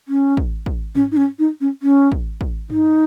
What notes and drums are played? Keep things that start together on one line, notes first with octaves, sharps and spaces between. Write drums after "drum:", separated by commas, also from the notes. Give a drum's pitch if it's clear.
C#4
drum: kick
drum: kick
C#4, drum: tom G#2
D#4
C#4
D#4
C#4
C#4
drum: kick
drum: kick
D#4, drum: tom G2